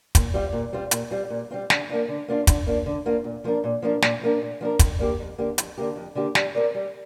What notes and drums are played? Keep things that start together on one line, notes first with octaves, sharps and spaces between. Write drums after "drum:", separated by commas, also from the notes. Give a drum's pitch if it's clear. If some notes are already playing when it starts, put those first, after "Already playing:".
A#2, drum: kick, hi-hat
G3 C4 F4
A#2
G3 C4 F4
A#2, drum: hi-hat
G3 C4 F4
A#2
G3 C4 F4
D3, drum: snare
A#3 D4 F4
D3
A#3 D4 F4
D3, drum: kick, hi-hat
A#3 D4 F4
D3
A#3 D4 F4
A#2
F3 A#3 D4 A#4
A#2
F3 A#3 D4 A#4
A#2, drum: snare
F3 A#3 D4 A#4
A#2
F3 A#3 D4 A#4
F2, drum: kick, hi-hat
D3 A#3 G4
F2
D3 A#3 G4
F2, drum: hi-hat
D3 A#3 G4
F2
D3 A#3 G4
G3, drum: snare
C4 A#4 D5
G3